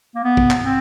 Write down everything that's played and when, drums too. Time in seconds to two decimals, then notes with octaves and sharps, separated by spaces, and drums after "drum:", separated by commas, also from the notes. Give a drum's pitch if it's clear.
0.15 A#3
0.24 B3
0.37 drum: kick
0.51 drum: clap
0.64 C4